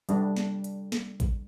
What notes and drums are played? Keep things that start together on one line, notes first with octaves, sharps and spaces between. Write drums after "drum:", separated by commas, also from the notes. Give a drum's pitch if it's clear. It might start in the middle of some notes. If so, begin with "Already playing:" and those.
G3 D4, drum: hi-hat
drum: snare
drum: hi-hat
drum: snare
drum: kick A1, hi-hat